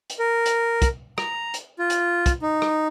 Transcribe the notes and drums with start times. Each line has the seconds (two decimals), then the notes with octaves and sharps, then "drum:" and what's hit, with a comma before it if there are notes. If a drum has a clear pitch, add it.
0.10 drum: hi-hat
0.19 A#4
0.46 drum: hi-hat
0.82 drum: kick, hi-hat
1.18 A#5, drum: rim click
1.54 drum: hi-hat
1.79 F4
1.90 drum: hi-hat
2.26 drum: kick, hi-hat
2.42 D#4
2.62 drum: rim click